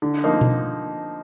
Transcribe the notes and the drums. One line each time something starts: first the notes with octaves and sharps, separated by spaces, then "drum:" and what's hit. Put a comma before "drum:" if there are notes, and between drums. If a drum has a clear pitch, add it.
D3
F3 A#3 D#4
drum: tom B2